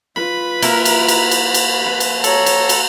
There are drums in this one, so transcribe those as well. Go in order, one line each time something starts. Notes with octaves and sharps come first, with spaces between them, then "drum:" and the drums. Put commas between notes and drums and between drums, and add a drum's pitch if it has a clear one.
F4 B4 B5
A#3 E4 A#4, drum: cymbal
drum: cymbal
drum: cymbal
drum: cymbal
drum: cymbal
B4
drum: cymbal
A4 C#5 A#5, drum: cymbal
drum: cymbal
drum: cymbal